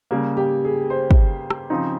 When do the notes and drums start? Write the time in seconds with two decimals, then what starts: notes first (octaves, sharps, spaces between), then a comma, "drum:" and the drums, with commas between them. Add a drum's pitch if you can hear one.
0.11 C#3 G3 A#3
0.37 G4
0.65 G#4
0.90 C5
1.11 drum: kick
1.50 drum: rim click
1.70 C#3 F3 C4 D#4